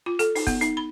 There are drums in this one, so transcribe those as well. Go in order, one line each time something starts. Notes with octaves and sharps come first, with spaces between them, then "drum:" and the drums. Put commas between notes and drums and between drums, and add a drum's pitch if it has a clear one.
F4
A4, drum: hi-hat
D#4, drum: open hi-hat
B3, drum: kick, hi-hat
D#4, drum: hi-hat
B5